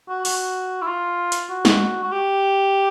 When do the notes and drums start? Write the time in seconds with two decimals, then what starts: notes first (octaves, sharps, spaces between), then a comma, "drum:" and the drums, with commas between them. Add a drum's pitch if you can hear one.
0.09 F#4
0.25 F#4, drum: open hi-hat
0.82 E4
0.87 F4
1.32 drum: hi-hat
1.50 F#4
1.65 drum: snare
2.04 F#4
2.12 G4